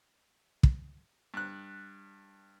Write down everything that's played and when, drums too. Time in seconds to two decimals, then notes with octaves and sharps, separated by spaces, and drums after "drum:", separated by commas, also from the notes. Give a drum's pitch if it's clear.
0.63 drum: kick
1.34 G2 F#6